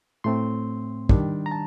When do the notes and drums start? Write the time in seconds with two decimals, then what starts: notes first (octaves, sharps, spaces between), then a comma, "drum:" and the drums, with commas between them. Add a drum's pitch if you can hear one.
0.24 A2 A3 C4 C6
1.09 D#3 G3 D4, drum: kick
1.46 A#5
1.51 A5